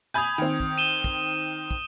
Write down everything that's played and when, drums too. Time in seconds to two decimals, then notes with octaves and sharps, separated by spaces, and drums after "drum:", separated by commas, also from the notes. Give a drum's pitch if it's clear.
0.14 G#5 B5 D#6 G6 G#6
0.38 D#3 C4
0.60 drum: kick
0.78 D#7 E7 G7
1.04 drum: kick
1.71 drum: kick